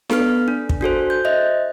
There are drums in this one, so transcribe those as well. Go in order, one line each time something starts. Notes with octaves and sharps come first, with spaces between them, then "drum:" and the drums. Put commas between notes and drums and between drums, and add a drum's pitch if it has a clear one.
B3 A4 B4 F6, drum: snare D4
D4
drum: kick
D4 F#4 A4 C5
G6
C5 D#5 E5